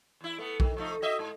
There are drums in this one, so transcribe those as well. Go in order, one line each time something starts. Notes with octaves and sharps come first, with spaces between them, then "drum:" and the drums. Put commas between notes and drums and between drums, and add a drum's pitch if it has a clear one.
E2 E4
A3 B3
D#3, drum: kick B1
F3 A3 D#4
F#4 D#5 E5
G#2